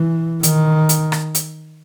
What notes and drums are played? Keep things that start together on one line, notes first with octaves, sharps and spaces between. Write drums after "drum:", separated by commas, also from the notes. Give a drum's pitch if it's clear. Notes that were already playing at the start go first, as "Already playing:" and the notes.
Already playing: E3
D#3, drum: hi-hat
drum: hi-hat
drum: rim click
drum: hi-hat